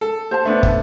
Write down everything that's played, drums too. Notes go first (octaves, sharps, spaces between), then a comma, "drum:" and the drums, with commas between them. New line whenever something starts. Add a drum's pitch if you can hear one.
A4
C5 F5 A5
A3 B3 D4
drum: kick